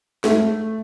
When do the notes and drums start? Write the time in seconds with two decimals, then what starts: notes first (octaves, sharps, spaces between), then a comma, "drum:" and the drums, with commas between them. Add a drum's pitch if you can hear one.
0.24 A3, drum: snare